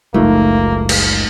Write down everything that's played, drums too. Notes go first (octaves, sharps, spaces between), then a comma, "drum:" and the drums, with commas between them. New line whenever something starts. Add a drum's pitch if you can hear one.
F#1 C#2 G#2 F3 A3 A#3 D#4
drum: cymbal